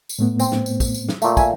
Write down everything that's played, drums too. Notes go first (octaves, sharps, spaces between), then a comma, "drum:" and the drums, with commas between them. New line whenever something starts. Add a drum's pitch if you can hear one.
drum: tambourine
A2 A3 B3
C4, drum: tambourine
drum: snare
drum: tambourine
drum: kick, tambourine
drum: tambourine
drum: snare
A#2 A3, drum: tambourine
E5 G#5, drum: kick, tambourine